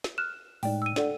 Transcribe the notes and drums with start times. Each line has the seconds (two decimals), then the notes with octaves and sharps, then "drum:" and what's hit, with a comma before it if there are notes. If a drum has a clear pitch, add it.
0.04 drum: snare
0.18 F6 F#6 E7
0.63 A2 G#3 D#4 D5 G5, drum: open hi-hat
0.82 E6 D#7
0.96 D4 A4 D5 F#5, drum: snare